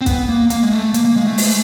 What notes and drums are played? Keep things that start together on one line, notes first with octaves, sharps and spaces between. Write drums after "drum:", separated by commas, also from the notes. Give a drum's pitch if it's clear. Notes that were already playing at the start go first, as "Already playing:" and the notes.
C4
B3, drum: kick, hi-hat
A#3
A#3, drum: hi-hat
G#3
A3
A#3, drum: hi-hat
A#3
G#3
A3
G#3, drum: open hi-hat
A3